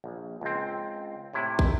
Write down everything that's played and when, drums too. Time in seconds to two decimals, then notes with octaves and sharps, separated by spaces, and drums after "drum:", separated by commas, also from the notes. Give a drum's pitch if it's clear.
0.04 A#1
0.41 C#2 C4
1.33 A2 C3 E4
1.59 drum: kick